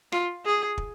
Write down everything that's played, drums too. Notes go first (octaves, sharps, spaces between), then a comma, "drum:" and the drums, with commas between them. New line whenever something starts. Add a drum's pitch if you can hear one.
F4, drum: rim click
G#4
drum: kick